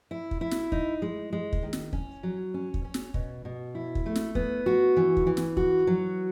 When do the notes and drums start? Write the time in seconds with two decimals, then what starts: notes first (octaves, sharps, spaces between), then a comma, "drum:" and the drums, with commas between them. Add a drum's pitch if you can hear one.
0.11 E4
0.31 drum: kick
0.41 E4
0.51 drum: snare
0.72 D#4, drum: kick
1.02 G#3
1.33 G#3
1.53 drum: kick
1.63 D#3
1.73 drum: snare
1.93 C#4, drum: kick
2.23 F#3
2.54 C#4
2.74 drum: kick
2.84 C#4
2.94 drum: snare
3.14 B2, drum: kick
3.45 B2
3.75 E4
3.95 drum: kick
4.06 A3
4.16 drum: snare
4.35 B3, drum: kick
4.66 F#4
4.97 E3
5.17 drum: kick
5.27 E3
5.37 drum: snare
5.57 F#4, drum: kick
5.87 F#3